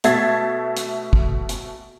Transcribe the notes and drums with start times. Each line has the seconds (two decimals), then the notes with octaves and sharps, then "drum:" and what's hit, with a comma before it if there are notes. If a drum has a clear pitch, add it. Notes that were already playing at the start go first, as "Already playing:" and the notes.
0.04 B2 A3 E5 G#6 A6 C7, drum: hi-hat
0.77 drum: hi-hat
1.13 drum: kick
1.49 drum: hi-hat